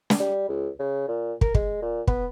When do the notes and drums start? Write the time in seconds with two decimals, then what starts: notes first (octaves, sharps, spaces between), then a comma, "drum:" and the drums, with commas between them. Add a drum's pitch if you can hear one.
0.10 drum: snare
0.19 G3
0.49 C#2
0.79 C#3
1.08 A#2
1.41 A#4, drum: kick
1.55 G#3, drum: kick
1.82 A#2
2.07 B3, drum: kick